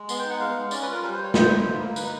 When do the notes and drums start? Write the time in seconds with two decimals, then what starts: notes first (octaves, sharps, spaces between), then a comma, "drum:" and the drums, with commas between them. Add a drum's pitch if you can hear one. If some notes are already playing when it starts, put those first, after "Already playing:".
Already playing: G#3
0.09 B3 C6, drum: tambourine
0.19 G5
0.25 D#4
0.30 F#5
0.40 G#3 F5
0.56 G#3
0.71 C#4 D5, drum: tambourine
0.82 B4
0.87 F4
0.93 A#4
1.02 G3 B4
1.13 C5
1.19 G3 C#5
1.34 B3 C5, drum: snare
1.50 E4
1.66 A#3
1.81 A#3
1.96 D#4 B4, drum: tambourine